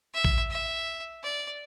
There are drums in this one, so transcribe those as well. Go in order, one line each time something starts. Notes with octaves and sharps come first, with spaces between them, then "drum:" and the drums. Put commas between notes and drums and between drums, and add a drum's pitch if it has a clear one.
E5
drum: kick
E5
D5